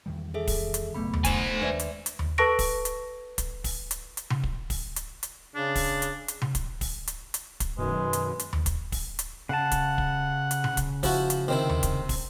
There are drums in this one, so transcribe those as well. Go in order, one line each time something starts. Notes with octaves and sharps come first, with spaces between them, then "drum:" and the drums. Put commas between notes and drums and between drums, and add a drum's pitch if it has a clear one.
E2 D#3 G3
G#4 A4 E5
drum: kick, open hi-hat
drum: hi-hat
F#1 B1 A3 B3 B5
drum: tom D#2
C5 G#5, drum: kick, hi-hat
D#2 G#3 D4 B4 D5 E5
drum: hi-hat
drum: hi-hat
drum: tom D#2
A4 B4 A5 C#6 A#6 D7
drum: kick, open hi-hat
drum: hi-hat
drum: kick, hi-hat
drum: kick, open hi-hat
drum: hi-hat
drum: hi-hat
drum: tom C3
drum: kick
drum: kick, open hi-hat
drum: hi-hat
drum: hi-hat
C#3 D4
drum: kick, open hi-hat
drum: hi-hat
drum: hi-hat
drum: tom C3
drum: kick, hi-hat
drum: kick, open hi-hat
drum: hi-hat
drum: hi-hat
drum: kick, hi-hat
F#2 B2 D#3 G#3 B4
drum: hi-hat
drum: hi-hat
drum: tom D#2
drum: kick, hi-hat
drum: kick, open hi-hat
drum: hi-hat
C#3 F#5 A5
drum: kick, hi-hat
drum: kick
drum: hi-hat
drum: tom C3
drum: kick, hi-hat
F3 E4 F#4, drum: kick, open hi-hat
drum: hi-hat
C3 D#3 C4 E4
drum: tom D#2
drum: kick, hi-hat
drum: kick, open hi-hat